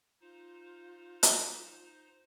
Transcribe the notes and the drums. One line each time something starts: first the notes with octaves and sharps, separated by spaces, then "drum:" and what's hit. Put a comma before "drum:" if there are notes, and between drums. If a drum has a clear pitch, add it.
D#4 F4 C5
drum: hi-hat